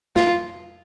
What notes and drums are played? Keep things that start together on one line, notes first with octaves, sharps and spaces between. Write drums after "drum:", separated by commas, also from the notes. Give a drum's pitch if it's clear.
F4, drum: snare